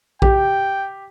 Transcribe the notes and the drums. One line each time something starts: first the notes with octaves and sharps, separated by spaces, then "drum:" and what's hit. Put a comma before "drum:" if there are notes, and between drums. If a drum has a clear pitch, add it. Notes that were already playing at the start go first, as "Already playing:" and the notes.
G4 G5, drum: kick A#1